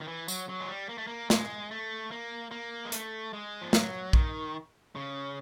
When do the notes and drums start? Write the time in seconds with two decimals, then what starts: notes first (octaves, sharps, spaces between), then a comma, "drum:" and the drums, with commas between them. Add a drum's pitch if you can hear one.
0.01 D#3
0.08 E3
0.28 F#3, drum: tambourine
0.49 F#3
0.60 G#3
0.68 G3
0.89 A#3
0.98 A3
1.07 A#3
1.30 G#3, drum: snare
1.71 A3
2.11 A#3
2.51 A#3
2.85 G#3
2.92 A3, drum: hi-hat
3.33 G#3
3.62 F3
3.73 F#3, drum: snare
4.13 D#3, drum: kick A#1
4.95 C#3